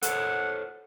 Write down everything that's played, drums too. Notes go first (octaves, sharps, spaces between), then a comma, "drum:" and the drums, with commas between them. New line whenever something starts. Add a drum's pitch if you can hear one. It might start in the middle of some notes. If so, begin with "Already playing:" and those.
A4 C5 C#5 F#5, drum: hi-hat